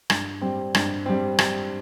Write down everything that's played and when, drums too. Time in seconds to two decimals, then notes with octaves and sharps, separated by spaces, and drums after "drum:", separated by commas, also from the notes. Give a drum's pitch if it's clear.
0.10 G2, drum: rim click
0.42 G3 C4
0.75 G2, drum: rim click
1.06 G3 C4
1.39 drum: rim click